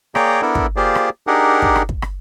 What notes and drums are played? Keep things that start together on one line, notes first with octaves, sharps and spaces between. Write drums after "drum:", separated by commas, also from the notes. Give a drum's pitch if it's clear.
A#3 G#4 C#5 D5 G5 A#5, drum: rim click
B3 D4 E4 A4 A#4
drum: kick
A#3 F4 G4 G#4 C5 D5
drum: rim click
D4 D#4 G4 G#4 A#4 F#5
drum: kick
drum: rim click
drum: kick
drum: rim click